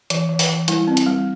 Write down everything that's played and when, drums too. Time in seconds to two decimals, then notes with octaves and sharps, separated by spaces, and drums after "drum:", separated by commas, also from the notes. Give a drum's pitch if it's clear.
0.10 E3, drum: hi-hat
0.29 E3
0.39 drum: open hi-hat
0.49 E3
0.68 G3 E4, drum: hi-hat
0.87 C4
0.97 drum: hi-hat
1.07 G3